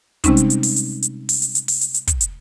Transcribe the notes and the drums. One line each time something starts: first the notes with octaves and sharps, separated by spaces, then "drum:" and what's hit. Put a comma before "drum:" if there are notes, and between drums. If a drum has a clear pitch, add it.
C3 G3 G#3 C4 C#4 D#4, drum: kick, hi-hat
drum: hi-hat
drum: hi-hat
drum: open hi-hat
drum: hi-hat
drum: hi-hat
drum: open hi-hat
drum: hi-hat
drum: hi-hat
drum: open hi-hat
drum: hi-hat
drum: hi-hat
drum: kick, hi-hat
drum: hi-hat